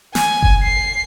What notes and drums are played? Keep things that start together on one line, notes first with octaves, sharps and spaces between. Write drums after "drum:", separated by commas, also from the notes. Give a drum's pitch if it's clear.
G#5, drum: snare
drum: kick F#1
C7